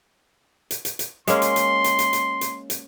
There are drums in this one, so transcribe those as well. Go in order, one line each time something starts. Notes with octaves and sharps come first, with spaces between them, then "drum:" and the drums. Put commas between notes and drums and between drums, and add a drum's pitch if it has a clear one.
drum: hi-hat
drum: hi-hat
drum: hi-hat
G#3 A#3 C#4 C6, drum: hi-hat
drum: hi-hat
drum: hi-hat
drum: hi-hat
drum: hi-hat
drum: hi-hat
drum: hi-hat
drum: hi-hat